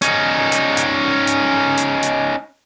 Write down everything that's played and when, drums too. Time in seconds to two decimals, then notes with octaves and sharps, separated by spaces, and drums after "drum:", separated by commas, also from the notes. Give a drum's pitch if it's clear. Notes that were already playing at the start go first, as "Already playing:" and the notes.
0.02 C#4 D#4, drum: hi-hat
0.52 drum: hi-hat
0.77 drum: hi-hat
1.27 drum: hi-hat
1.77 drum: hi-hat
2.03 drum: hi-hat